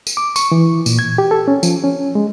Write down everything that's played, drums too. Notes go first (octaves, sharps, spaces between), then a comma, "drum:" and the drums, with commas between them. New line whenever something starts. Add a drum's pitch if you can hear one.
drum: tambourine
D6
C#6, drum: tambourine
E3
A#2, drum: tambourine
G#6
G4
A4
C#4
F3, drum: tambourine
C#4
G#3